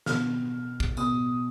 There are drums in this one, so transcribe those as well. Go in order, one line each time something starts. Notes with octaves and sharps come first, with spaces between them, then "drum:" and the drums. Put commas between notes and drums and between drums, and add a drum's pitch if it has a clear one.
B2 F6, drum: snare
drum: kick
B2 D#6, drum: tambourine